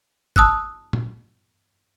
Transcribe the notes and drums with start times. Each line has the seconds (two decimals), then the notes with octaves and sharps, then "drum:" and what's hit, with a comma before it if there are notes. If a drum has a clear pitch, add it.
0.36 A5 D#6 E6 F#6, drum: kick
0.93 drum: tom